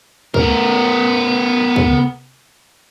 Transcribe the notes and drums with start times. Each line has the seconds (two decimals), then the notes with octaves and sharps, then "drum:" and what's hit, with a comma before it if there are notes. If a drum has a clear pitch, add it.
0.34 B3 A#4, drum: kick C#2
1.76 drum: kick C#2
1.90 drum: tom C3